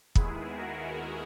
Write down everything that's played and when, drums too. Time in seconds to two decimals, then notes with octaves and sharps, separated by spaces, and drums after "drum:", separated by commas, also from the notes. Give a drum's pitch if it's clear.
0.15 D#2 D#3 G#3 B3 E4 G#4, drum: kick
0.57 F#4 A#4